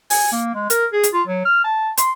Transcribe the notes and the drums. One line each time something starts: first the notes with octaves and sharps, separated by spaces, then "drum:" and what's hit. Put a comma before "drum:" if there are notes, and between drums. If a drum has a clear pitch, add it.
G#5, drum: open hi-hat
A#3
G#3
A#4, drum: hi-hat
G#4
drum: hi-hat
F4
F#3
F6
A5
C6, drum: hi-hat